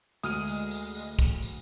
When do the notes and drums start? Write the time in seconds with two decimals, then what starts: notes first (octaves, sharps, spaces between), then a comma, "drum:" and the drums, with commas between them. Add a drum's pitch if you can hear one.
0.23 D2 G#3 D#6 F6 D#7, drum: tambourine
0.47 drum: tambourine
0.71 drum: tambourine
0.95 drum: tambourine
1.19 drum: kick, tambourine
1.42 drum: tambourine